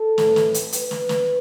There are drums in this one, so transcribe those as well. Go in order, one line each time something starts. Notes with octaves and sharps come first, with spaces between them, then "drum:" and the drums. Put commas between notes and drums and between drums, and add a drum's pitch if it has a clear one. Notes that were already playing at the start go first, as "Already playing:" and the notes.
Already playing: A4
A2 E3 A3, drum: snare
drum: snare
drum: hi-hat
B4, drum: hi-hat
drum: snare
drum: snare